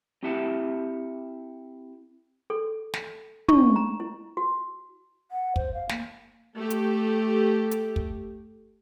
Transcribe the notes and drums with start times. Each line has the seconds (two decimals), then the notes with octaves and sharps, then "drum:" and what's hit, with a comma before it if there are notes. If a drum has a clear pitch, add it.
0.23 C4 E4 G4 E5 F#5 A5
2.50 A4
2.94 drum: snare
3.48 C#6, drum: tom
3.76 A#5
4.00 E4
4.37 F#4
5.32 F#5
5.56 C5, drum: kick
5.74 F5
5.89 A#3, drum: snare
6.57 A3 G4
6.70 drum: hi-hat
7.71 drum: hi-hat
7.96 drum: kick